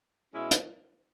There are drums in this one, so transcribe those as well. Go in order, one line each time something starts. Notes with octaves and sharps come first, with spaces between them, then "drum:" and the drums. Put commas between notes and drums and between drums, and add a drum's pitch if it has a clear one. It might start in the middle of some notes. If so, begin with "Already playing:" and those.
B2 G#3 C#4 E4
drum: hi-hat